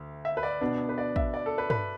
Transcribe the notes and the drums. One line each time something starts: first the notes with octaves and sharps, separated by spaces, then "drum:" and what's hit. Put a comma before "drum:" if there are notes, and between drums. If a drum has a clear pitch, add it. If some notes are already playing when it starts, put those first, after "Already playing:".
Already playing: D2
E5
B4
D5
B2 B3 D4
B4
D5
E5, drum: kick
D5
A4
B4
B4, drum: tom G2